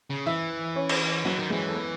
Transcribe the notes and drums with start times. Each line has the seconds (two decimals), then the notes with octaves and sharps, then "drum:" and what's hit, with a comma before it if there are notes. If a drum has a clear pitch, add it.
0.10 C#3
0.26 E3 E4 E5
0.76 C#4 C#5
0.89 drum: cymbal
1.25 E3 F#3 F#4
1.39 D#3
1.50 E3 G#3 G#4
1.69 A4
1.75 B3 B4